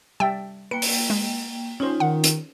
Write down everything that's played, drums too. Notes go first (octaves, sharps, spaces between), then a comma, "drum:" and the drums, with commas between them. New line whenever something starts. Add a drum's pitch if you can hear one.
G3 E5 G5 A5
A#3 B4 G5 C#7
drum: open hi-hat
G#3
C#4 D#4 F4 C5
D#3 F#5
drum: hi-hat